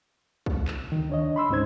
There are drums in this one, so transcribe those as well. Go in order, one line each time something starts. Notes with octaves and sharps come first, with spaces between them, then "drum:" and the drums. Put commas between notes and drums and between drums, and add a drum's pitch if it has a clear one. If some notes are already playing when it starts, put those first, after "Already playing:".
drum: kick
drum: clap
D2 D#3
D4 C#5 D#5
B5 C6 E6
D2 G#2 C#4 D#4 C5 G#6